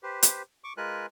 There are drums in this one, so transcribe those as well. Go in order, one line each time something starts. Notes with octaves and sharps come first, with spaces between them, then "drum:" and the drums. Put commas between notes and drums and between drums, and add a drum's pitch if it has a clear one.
G4 B4 C5
drum: hi-hat
C#6 D6
G#3 F4 A#4 B4 G#5 F#6